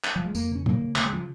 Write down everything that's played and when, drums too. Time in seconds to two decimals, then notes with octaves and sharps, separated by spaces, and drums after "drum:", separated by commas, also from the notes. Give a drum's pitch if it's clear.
0.04 drum: clap
0.16 F3
0.25 G#3
0.35 F2 A#3, drum: tambourine
0.51 C#3 C#4
0.66 C#3 A#3, drum: tom
0.81 C#3
0.96 C#3 A#3, drum: clap
1.06 G#3
1.12 C#3 F3